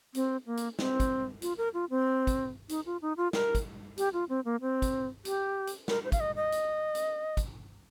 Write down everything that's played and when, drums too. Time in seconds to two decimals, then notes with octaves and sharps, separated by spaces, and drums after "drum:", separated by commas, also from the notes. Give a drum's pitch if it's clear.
0.14 C4, drum: hi-hat
0.46 A#3
0.57 drum: hi-hat
0.79 C4, drum: snare
1.00 drum: kick, hi-hat
1.42 F4, drum: hi-hat
1.58 A#4
1.74 F4
1.90 C4
2.27 drum: kick, hi-hat
2.69 D#4, drum: hi-hat
2.86 F4
3.02 D#4
3.17 F4
3.33 A#4, drum: snare
3.55 drum: kick, hi-hat
3.97 G4, drum: hi-hat
4.13 F4
4.29 C4
4.45 A#3
4.61 C4
4.82 drum: kick, hi-hat
5.25 G4, drum: hi-hat
5.67 drum: hi-hat
5.88 A#4, drum: snare
6.05 C5
6.12 F5, drum: kick, hi-hat
6.20 D#5
6.36 D#5
6.52 drum: hi-hat
6.95 drum: hi-hat
7.37 drum: kick, hi-hat